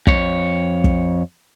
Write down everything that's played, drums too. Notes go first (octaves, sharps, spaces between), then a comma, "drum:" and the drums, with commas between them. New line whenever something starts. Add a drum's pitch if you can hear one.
F2 C#5, drum: kick
drum: kick